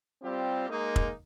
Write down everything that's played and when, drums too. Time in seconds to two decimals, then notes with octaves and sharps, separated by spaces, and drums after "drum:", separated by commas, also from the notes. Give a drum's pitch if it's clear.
0.23 G3 C4 F4 G4
0.69 G#3 A#3 D#4
0.96 drum: kick